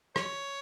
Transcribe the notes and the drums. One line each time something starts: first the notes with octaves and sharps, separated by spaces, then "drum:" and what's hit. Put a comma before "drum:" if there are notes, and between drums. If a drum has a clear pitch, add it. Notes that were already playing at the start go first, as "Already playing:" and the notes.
C#5, drum: rim click